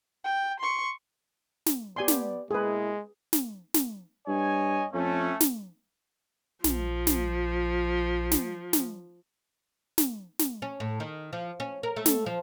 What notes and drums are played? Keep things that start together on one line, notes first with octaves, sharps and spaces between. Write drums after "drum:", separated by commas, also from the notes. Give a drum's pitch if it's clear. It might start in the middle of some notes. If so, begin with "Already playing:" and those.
G5
C6 C#6
drum: snare
B3 G4 D5 G#5 C6
drum: snare
B2 G#3 A#3 E4 G#4 B4
drum: snare
drum: snare
G2 C#5 D#5 G#5
F2 A3 C#4
drum: snare
A#1 F3, drum: snare
drum: snare
drum: snare
drum: snare
drum: snare
drum: snare
C#4
A2
D#3
F3
C#4
A#4
A3
drum: snare
F3